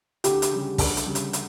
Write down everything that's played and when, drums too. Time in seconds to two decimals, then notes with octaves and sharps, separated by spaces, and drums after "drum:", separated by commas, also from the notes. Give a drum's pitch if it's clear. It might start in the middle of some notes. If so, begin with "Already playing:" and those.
0.24 D2 G4, drum: hi-hat
0.42 drum: hi-hat
0.51 C#3 G3
0.78 D2, drum: kick, open hi-hat
0.97 drum: hi-hat
1.06 C#3 G3
1.15 drum: hi-hat
1.33 drum: hi-hat